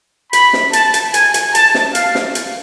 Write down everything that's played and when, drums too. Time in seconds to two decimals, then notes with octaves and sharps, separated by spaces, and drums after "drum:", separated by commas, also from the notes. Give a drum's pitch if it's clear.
0.33 B5, drum: hi-hat
0.53 drum: snare
0.73 A5, drum: hi-hat
0.94 drum: hi-hat
1.14 G#5, drum: hi-hat
1.34 drum: hi-hat
1.55 A5, drum: hi-hat
1.75 drum: snare
1.95 F5, drum: hi-hat
2.15 drum: snare
2.35 drum: hi-hat